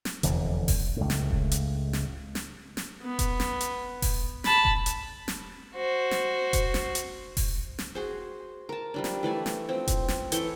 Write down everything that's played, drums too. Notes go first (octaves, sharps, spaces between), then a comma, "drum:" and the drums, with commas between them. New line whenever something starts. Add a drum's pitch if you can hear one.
drum: snare
F1 E2 D3, drum: hi-hat
drum: kick E1, open hi-hat
C#2 A2
drum: snare
drum: kick E1
drum: hi-hat
drum: snare
drum: snare
drum: snare
B3
drum: kick E1, hi-hat
drum: snare
drum: hi-hat
drum: kick E1, open hi-hat
A5 B5, drum: snare
drum: kick E1
drum: hi-hat
drum: snare
F#4 C5
drum: snare
drum: kick E1, hi-hat
drum: snare
drum: hi-hat
drum: kick E1, open hi-hat
drum: snare
F#4 G#4 C5
A#4 A5
F3 G3 D4
drum: snare
E3 A3 D5 G#5
drum: snare
F3 C4
drum: kick E1, hi-hat
drum: snare
E3 A4 C#5 G5, drum: hi-hat